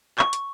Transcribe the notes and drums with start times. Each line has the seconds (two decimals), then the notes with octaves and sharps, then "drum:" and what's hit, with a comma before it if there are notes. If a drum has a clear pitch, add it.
0.19 C#6, drum: clap
0.33 drum: hi-hat